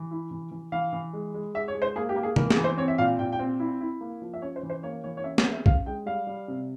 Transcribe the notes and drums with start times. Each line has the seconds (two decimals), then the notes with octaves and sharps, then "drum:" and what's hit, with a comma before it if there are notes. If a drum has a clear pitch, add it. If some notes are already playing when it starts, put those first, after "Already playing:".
Already playing: E3
0.11 E4
0.31 E3
0.51 E3
0.72 E3 F5
0.93 E3
1.13 G#3
1.34 G#3
1.54 G#3 E5
1.68 C#5
1.75 G#3
1.82 C5
1.96 A#3 G#4
2.09 G4
2.16 A#3
2.23 G#4
2.36 E3 A#4, drum: tom
2.50 G#4, drum: snare
2.57 E3
2.64 C5
2.78 C4 C#5
2.88 E5
2.98 A#2 F5
3.19 A#2 G5
3.32 G5
3.39 C4
3.60 E4
3.81 E4
4.01 A#3
4.22 F3
4.34 E5
4.42 C#4 C#5
4.56 C5
4.63 E3
4.70 C5
4.83 A#3 C#5
5.04 E3 C#5
5.17 C#5
5.24 C#4 E5
5.38 C#5, drum: snare
5.45 G#3
5.52 E5
5.66 C#4 F5, drum: kick
5.86 G#3 G5
6.06 G3 F5
6.27 G3
6.48 C3